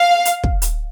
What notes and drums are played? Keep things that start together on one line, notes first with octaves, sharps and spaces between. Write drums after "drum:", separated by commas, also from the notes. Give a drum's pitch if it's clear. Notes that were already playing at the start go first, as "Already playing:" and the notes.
Already playing: F5
drum: hi-hat
drum: kick
drum: hi-hat